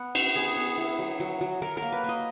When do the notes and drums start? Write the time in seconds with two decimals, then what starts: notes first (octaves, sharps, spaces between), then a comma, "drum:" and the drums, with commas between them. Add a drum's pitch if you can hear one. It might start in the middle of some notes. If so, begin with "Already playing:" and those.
Already playing: B3 F#5
0.15 E4, drum: cymbal
0.36 B3 G#4
0.56 B3
0.78 E4
0.99 F#3
1.20 F#3
1.41 F#3
1.62 F#3 A#4
1.77 A#4
1.82 A#3
1.92 B4
2.04 A#3
2.09 D#5